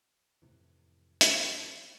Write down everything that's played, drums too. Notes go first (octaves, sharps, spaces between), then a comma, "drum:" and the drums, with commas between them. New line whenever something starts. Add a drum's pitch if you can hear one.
F2 A2 C3 E3
drum: hi-hat